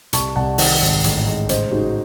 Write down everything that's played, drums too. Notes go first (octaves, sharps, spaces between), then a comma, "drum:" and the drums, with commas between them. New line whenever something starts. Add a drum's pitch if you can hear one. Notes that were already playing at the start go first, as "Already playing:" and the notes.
C2 A5 C#6, drum: hi-hat
C2 F#5 A5
D#3 D#5 F#5, drum: open hi-hat
G#1
A1, drum: hi-hat
G#2
C#3 C5 D#5, drum: hi-hat
G#3 D#4 F#4